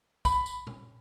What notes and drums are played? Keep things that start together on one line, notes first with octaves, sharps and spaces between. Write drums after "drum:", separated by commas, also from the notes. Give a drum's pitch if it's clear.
B5, drum: kick, tambourine
drum: tambourine
drum: tom A#2